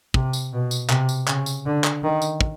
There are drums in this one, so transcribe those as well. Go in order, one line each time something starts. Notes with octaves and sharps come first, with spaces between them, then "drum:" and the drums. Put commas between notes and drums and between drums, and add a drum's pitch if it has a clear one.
C3, drum: kick
drum: tambourine
B2
drum: tambourine
C3, drum: clap
drum: tambourine
C#3, drum: clap
drum: tambourine
D3
drum: clap
D#3
drum: tambourine
drum: kick